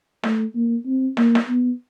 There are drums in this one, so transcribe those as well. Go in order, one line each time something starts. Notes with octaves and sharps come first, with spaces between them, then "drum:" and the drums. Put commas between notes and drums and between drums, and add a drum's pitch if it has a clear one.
A3, drum: snare
A#3
C4
A#3, drum: snare
drum: snare
B3